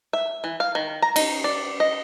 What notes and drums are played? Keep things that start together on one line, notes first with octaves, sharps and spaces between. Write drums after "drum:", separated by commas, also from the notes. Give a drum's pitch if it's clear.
E5
E3
F5
D#3
A#5
D#4, drum: cymbal
D5
D#5